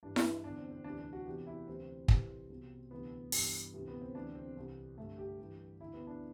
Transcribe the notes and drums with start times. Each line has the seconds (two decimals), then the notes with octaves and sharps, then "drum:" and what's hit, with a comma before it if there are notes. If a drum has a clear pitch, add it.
0.03 G2 E3 D4
0.16 E4, drum: snare E4
0.30 E4
0.44 E2 D3 D4
0.58 C4
0.71 C4
0.84 D2 C3 E3 D4
0.98 D4
1.13 F#4
1.26 E2 C3 E3 G4
1.47 E4
1.67 D2 C3 E3 C4
2.08 C2 C3 E3, drum: kick
2.50 C2 B2
2.91 D2 C3 E3 B3
3.32 G2 E3, drum: open hi-hat
3.74 D2 C3 E3
3.88 B3
4.01 C4
4.15 D2 C3 E3 D4
4.35 C4
4.57 C2 C3 E3
4.97 G2 D3 A3
5.18 G4
5.39 G2 E3
5.80 D2 D3 E4
5.94 B3
6.07 D4